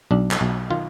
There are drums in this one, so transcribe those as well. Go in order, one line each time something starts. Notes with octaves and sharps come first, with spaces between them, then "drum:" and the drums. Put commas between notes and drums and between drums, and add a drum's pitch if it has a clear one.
B1 D4
drum: clap
B1
D#3 F4